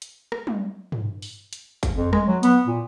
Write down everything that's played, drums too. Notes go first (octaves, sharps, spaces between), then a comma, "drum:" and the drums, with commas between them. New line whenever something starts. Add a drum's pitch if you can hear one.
drum: hi-hat
drum: rim click
drum: tom
drum: tom
drum: open hi-hat
drum: hi-hat
drum: kick G1, hi-hat
F2
G#3, drum: rim click
F#3
B3, drum: hi-hat
A#2